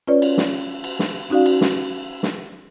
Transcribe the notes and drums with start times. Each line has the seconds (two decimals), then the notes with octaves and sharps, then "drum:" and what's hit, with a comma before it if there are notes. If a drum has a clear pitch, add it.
0.07 C#4 F4 B4 C#5 D5
0.22 drum: cymbal
0.38 drum: snare
0.84 drum: cymbal
0.99 drum: snare
1.30 C#4 D#4 F#4 D5 F5
1.46 drum: cymbal
1.61 drum: snare
2.23 drum: snare